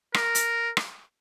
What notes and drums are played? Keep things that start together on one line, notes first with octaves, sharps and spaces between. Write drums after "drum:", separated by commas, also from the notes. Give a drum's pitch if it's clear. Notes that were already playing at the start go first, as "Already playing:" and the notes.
A#4, drum: rim click
drum: hi-hat
drum: rim click